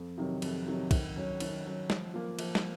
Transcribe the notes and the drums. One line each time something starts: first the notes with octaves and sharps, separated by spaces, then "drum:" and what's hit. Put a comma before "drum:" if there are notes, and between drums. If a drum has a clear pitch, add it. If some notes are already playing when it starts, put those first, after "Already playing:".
Already playing: F2
C3 D#3 F#3
F2, drum: cymbal
C3 D#3 F#3
D#3, drum: kick, cymbal
F#3 C#4
D#3, drum: cymbal
F#3 C#4
F3, drum: snare
A#3 F4
F3, drum: cymbal
drum: snare